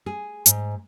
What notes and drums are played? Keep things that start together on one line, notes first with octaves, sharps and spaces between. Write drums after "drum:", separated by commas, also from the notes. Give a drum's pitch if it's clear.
G#4
G#2, drum: hi-hat